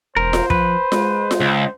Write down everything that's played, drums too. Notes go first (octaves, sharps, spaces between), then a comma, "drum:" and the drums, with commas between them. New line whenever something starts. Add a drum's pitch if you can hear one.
E1 A#4 C5
drum: snare F4
F3 B4, drum: kick
G#3, drum: snare F4
drum: snare F4
C#2